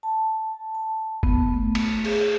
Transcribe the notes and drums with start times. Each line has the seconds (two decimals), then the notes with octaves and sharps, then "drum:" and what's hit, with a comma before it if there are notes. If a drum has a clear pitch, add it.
0.03 A5
0.75 A5
1.23 B3, drum: kick F#1
1.54 A3
1.75 drum: cymbal
2.05 G#4, drum: cymbal